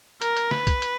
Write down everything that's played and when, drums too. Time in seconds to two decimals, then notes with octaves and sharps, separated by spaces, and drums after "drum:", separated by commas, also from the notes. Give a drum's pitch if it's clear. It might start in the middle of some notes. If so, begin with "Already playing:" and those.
0.22 A#4, drum: hi-hat
0.37 drum: hi-hat
0.51 B4, drum: snare
0.67 drum: kick B1, hi-hat
0.82 drum: hi-hat